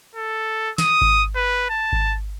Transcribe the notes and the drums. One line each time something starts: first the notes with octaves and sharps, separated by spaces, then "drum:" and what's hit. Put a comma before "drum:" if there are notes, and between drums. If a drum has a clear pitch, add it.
A4
D#6, drum: snare
drum: kick G#1
B4
A5
drum: kick G#1